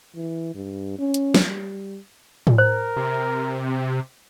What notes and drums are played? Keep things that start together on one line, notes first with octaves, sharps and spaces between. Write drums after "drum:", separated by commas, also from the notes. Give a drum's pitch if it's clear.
E3
G2
C#4
drum: hi-hat
drum: snare
G3
drum: tom A2
A#4 C5
C3